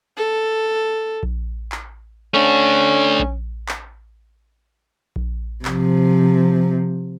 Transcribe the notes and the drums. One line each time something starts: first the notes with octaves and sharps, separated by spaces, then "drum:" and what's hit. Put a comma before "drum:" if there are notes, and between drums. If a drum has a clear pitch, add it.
A4
drum: kick A#1
drum: clap
A3 C#4 D4
drum: kick A#1
drum: clap
drum: kick A#1
C3 F3, drum: clap